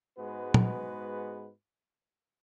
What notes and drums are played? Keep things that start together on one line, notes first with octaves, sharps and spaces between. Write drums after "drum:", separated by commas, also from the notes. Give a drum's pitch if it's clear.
G#2 G#3 B3 F#4 B4
drum: tom